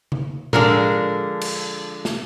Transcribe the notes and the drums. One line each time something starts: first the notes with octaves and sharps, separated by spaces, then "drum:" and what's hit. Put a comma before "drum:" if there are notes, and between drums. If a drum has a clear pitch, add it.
drum: tom C#3
D3 F3 G#3 A#4, drum: tom A2
drum: cymbal
drum: snare